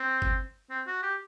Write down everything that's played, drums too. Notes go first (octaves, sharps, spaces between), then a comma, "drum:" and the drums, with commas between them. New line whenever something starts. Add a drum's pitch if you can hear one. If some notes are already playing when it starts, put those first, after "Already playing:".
Already playing: C4
drum: kick G1
C4
F#4
G4